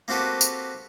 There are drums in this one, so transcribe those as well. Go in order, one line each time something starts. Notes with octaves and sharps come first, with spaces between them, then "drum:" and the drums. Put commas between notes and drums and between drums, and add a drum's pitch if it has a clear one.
A#3 C4 F#4 G4 A4 B4
drum: tambourine